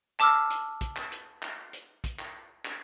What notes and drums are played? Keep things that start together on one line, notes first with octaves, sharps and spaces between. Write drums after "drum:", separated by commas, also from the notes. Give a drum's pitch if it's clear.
A5 D6 E6 F6, drum: clap
drum: hi-hat
drum: kick, hi-hat
drum: clap
drum: hi-hat
drum: clap
drum: hi-hat
drum: kick, hi-hat
drum: clap
drum: clap